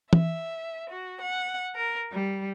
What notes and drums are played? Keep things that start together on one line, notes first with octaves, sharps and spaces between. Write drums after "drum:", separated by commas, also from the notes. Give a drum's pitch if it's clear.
E5, drum: tom
F#4
F#5
A#4
G3